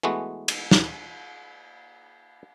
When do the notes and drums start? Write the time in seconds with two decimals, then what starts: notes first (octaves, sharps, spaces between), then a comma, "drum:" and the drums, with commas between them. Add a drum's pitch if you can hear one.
0.03 E3 G#3 A3 B3 F#4
0.48 drum: cymbal
0.71 drum: snare